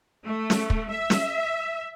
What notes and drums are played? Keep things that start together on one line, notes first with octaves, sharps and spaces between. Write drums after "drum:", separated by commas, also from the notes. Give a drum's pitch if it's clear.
A3
drum: snare
drum: kick
E5
drum: snare